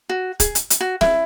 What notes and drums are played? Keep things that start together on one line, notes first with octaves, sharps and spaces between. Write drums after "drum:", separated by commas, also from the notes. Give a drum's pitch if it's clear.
F#4
G#4, drum: kick, hi-hat
drum: hi-hat
drum: hi-hat
F#4
E4, drum: snare